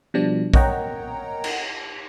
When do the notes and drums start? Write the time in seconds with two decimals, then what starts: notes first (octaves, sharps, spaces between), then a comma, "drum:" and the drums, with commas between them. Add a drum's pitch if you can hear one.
0.14 B2 F3 G3 D4
0.54 A#4 C#5 D#5 F#5 G5 A#5, drum: kick A#1
1.44 drum: cymbal